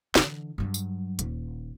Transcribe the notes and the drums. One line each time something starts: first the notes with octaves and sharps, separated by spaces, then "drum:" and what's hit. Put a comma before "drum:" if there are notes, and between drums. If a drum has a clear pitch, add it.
D3 E3, drum: snare
G2 F#3
drum: tambourine
D#1, drum: hi-hat